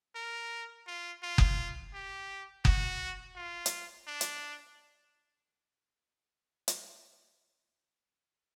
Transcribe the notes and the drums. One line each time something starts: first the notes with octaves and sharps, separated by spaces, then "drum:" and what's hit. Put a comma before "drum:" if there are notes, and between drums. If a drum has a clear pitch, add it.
A#4
F4
F4
drum: kick F#1
G4
F#4, drum: kick F#1
F4
drum: hi-hat
D4
drum: hi-hat
drum: hi-hat